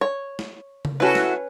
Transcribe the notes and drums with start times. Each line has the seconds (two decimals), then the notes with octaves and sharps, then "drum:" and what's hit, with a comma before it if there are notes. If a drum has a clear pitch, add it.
0.01 C#5
0.39 drum: snare
0.85 drum: tom C#3
1.00 C#4 E4 F#4 A4 B4
1.15 drum: snare